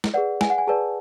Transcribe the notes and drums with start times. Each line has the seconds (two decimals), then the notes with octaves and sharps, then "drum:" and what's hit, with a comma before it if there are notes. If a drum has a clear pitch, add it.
0.04 drum: snare
0.14 G#4 B4 D5 F#5
0.41 G#5, drum: snare
0.50 F#5
0.58 G#5
0.67 G#4 B4 D5 A5